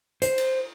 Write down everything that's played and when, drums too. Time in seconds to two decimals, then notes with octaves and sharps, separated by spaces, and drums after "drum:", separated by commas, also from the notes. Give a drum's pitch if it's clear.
0.22 C5, drum: hi-hat
0.38 drum: cymbal